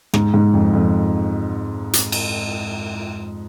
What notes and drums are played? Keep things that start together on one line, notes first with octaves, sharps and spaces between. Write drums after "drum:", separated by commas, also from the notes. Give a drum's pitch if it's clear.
G#2, drum: rim click
G#2
F2
F2
drum: hi-hat
drum: cymbal